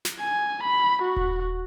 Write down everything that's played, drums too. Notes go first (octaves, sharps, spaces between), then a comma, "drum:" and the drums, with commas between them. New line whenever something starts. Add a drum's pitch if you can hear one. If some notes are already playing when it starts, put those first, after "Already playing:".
drum: snare
G#5
B5
F#4
drum: kick D#1